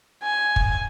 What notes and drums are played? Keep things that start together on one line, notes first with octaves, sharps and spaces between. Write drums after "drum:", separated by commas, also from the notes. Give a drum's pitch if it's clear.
G#5
drum: kick